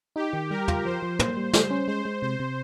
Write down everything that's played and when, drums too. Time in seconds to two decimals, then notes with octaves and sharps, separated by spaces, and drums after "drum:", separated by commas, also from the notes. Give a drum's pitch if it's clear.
0.16 D#4 G4
0.33 D#3
0.50 G3 A#4
0.68 F4, drum: tom
0.85 F3 C5
1.02 F3
1.19 A#3, drum: tom
1.37 G3
1.53 G3 C5, drum: snare
1.70 C#4
1.88 G#3 C5
2.05 G#3
2.22 C3 C5
2.40 C3